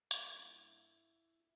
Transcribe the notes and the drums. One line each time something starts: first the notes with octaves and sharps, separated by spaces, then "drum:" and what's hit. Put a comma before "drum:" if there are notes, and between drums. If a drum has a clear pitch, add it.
G2 G3 A#3 F4, drum: hi-hat
C#4
E4
E4